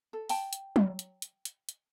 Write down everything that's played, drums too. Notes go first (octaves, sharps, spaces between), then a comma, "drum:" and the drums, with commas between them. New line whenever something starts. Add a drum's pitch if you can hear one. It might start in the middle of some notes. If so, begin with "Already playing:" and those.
A4
G5 A5, drum: open hi-hat
drum: hi-hat
drum: tom F#3
drum: hi-hat
drum: hi-hat
drum: hi-hat
drum: hi-hat